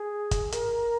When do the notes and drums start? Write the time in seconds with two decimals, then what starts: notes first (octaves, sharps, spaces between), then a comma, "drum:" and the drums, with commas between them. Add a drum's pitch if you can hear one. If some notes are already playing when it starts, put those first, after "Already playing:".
Already playing: G#4
0.31 drum: kick, hi-hat
0.52 A#4, drum: hi-hat